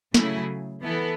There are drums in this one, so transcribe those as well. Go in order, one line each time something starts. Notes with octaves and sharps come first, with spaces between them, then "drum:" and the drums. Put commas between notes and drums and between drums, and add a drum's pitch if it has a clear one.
C#3 F#3 A3 E4 G#4, drum: snare
E3 B3 E4 A4